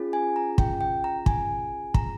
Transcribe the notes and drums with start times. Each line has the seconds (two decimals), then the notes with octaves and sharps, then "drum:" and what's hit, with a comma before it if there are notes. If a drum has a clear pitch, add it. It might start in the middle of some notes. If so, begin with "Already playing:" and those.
Already playing: C#4 F4 G#4
0.13 G#5
0.36 A#5
0.58 G5, drum: kick
0.81 G5
1.04 A#5
1.26 G#5, drum: kick
1.94 A#5, drum: kick